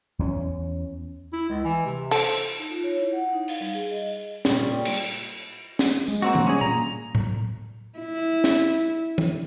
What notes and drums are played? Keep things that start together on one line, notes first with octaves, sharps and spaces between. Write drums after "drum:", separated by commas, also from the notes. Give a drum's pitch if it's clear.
E2 B3 C#4
E4
C#2
E3
C3
A4 C5, drum: cymbal
D#4
F4
C#5
E4
F#5
D#4
F5, drum: open hi-hat
G3
G#4
D#5
A#2 C#3 G3, drum: snare
drum: cymbal
drum: snare
G#3, drum: tambourine
A#3 C4 F#4
B2 D4, drum: tom E3
G3 C#4 G#4
A#2 A#5
drum: tom A2
E4
drum: snare
drum: tom E3